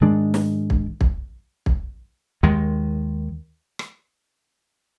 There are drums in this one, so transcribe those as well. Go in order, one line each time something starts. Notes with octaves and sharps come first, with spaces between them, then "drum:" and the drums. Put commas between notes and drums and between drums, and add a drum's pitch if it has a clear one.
G#2 D#3 G#3 D4
drum: snare
drum: kick
drum: kick
drum: kick
D#2 D#3 G#3
drum: rim click